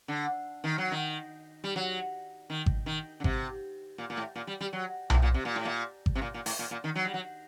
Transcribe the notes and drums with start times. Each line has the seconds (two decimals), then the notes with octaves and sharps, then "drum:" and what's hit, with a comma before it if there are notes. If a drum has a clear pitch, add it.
0.08 D3
0.64 D#3
0.78 F#3
0.92 D#3
1.64 G3
1.76 F#3
2.50 D#3
2.66 drum: kick G#1
2.86 D#3
3.20 D3
3.24 C3, drum: kick G#1
3.98 A#2
4.10 A#2
4.17 A2
4.36 A#2
4.47 G3
4.61 G3
4.73 F#3
5.10 A2, drum: tom B1
5.22 A#2
5.34 C3
5.45 A#2
5.56 A2
5.65 A#2
6.06 drum: kick G#1
6.15 C3
6.21 A#2
6.34 A#2
6.46 A2, drum: open hi-hat
6.59 A#2
6.71 A#2
6.84 D#3
6.95 F#3
7.05 G3
7.14 F#3